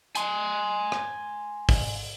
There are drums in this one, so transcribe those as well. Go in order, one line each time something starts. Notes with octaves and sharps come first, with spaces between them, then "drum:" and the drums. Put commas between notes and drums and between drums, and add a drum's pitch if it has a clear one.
G#5 C6, drum: hi-hat
drum: rim click
drum: kick, open hi-hat